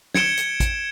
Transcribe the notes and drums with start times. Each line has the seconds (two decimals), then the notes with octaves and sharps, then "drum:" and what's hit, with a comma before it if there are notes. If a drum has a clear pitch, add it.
0.14 G#6 C#7 D7 E7 G7, drum: snare
0.37 drum: hi-hat
0.60 drum: kick, hi-hat